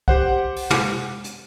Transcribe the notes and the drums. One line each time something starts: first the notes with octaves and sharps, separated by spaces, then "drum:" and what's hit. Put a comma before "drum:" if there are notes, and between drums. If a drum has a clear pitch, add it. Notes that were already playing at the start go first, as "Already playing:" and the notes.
G4 C5 F#5, drum: kick
drum: open hi-hat
drum: tom
drum: hi-hat